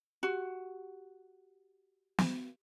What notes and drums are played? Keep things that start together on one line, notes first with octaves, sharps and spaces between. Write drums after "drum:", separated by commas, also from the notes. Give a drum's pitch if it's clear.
F#4 G4
drum: snare